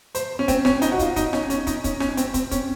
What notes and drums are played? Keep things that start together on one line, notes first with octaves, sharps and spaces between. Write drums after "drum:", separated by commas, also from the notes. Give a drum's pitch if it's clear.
C5, drum: hi-hat
C#4
C4, drum: kick, hi-hat
C#4, drum: rim click
D#4, drum: hi-hat
F#4
F4, drum: kick, hi-hat
D#4, drum: kick, hi-hat
C#4, drum: rim click
C#4, drum: hi-hat
D#4, drum: kick, hi-hat
C#4, drum: kick, hi-hat
C#4, drum: rim click
C4, drum: hi-hat
C4, drum: kick, hi-hat
C#4, drum: kick, hi-hat